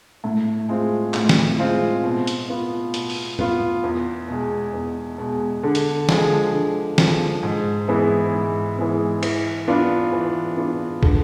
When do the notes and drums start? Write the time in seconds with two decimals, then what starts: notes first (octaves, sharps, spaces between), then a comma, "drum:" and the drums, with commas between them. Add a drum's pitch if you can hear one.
0.24 A2
0.69 G#3 C4 F4
1.14 A2, drum: clap
1.29 drum: snare
1.59 G#3 C4 F4
2.04 B2
2.27 drum: hi-hat
2.49 B3 F4
2.94 B2, drum: hi-hat
3.10 drum: open hi-hat
3.39 B3 F4, drum: tom
3.83 E2
4.28 B2 G#3
4.73 E2
5.18 B2 G#3
5.63 D3
5.75 drum: hi-hat
6.09 F3 G#3, drum: snare
6.53 D3
6.98 F3 G#3, drum: snare
7.43 G#2
7.88 E3 G#3 B3 E4
8.33 G#2
8.78 E3 G#3 B3 E4
9.23 E3, drum: cymbal
9.68 B3 D4 F4
10.12 E3
10.57 B3 D4 F4
11.03 D3, drum: kick